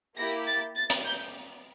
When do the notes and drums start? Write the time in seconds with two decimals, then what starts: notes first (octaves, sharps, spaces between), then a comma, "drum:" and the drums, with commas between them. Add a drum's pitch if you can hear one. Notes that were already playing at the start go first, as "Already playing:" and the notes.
0.17 A#3 E4 G4 A#6
0.46 A6
0.76 A6
0.90 drum: hi-hat
1.06 G6